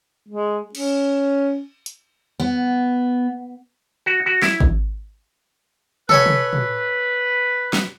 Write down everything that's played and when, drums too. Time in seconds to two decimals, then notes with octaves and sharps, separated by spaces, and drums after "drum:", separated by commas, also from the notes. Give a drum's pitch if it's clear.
0.29 G#3
0.75 C#4, drum: cymbal
1.86 drum: hi-hat
2.40 B3
4.06 F#4
4.26 F#4
4.42 E4, drum: snare
4.60 drum: kick G#1
6.09 A4 B4 C#5 G#5, drum: tom
6.26 drum: tom
6.53 drum: tom
7.73 drum: snare